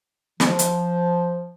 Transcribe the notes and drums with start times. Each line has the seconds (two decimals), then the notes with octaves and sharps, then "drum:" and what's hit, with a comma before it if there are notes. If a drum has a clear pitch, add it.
0.40 F3, drum: snare
0.59 drum: hi-hat